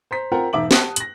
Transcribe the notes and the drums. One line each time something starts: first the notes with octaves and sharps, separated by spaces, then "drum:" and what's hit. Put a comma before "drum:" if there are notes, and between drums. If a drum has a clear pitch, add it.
C5 A#5 B6
C4 F4 A#4 F#5 G5 A#5
E1 G#2 E5 D6 F#7
G4 F#5 G5 A5 D#6 F#6, drum: snare
A#6 F#7, drum: hi-hat